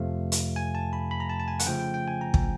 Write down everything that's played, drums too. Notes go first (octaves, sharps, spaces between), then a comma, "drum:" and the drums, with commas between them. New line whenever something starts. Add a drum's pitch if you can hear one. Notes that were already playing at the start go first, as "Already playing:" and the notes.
Already playing: F2 C3 F3 A3 F5
drum: hi-hat
G#5
A5
B5
B5
A#5
A5
A5
G#5
F#5, drum: hi-hat
C#3 F3 A3 G5
G5
G5
G#5
A#5
drum: kick